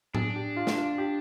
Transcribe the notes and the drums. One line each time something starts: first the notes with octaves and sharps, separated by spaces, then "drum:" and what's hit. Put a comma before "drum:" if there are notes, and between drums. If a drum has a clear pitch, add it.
D4 G#4, drum: tom
G4
F4
drum: snare
F4
G4